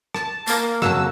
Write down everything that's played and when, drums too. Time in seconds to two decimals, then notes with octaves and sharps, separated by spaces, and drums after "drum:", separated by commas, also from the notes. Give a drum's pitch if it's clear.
0.14 A5, drum: rim click
0.48 A#3, drum: tambourine
0.82 F2 C#3 F#3 A5 E6, drum: rim click